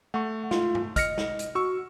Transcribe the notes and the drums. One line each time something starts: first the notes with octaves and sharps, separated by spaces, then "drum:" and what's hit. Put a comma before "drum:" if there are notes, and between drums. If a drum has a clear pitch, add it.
A3 F#5 C#6
F4, drum: snare
drum: tom G#2
D#5 F6 A#6 C#7, drum: kick, hi-hat
drum: snare
drum: hi-hat
F#4 C#6 E6